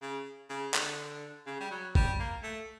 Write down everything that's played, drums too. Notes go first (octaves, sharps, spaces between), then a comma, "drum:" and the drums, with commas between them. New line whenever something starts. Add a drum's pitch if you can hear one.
C#3
C#3
D3, drum: clap
C#3
G3
F#3
G3, drum: kick
A#3
A3